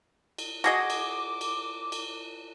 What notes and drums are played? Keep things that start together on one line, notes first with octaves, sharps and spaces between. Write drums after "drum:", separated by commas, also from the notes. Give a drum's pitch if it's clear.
drum: cymbal
F#4 G#4 D#5 D6
drum: cymbal
drum: cymbal
drum: cymbal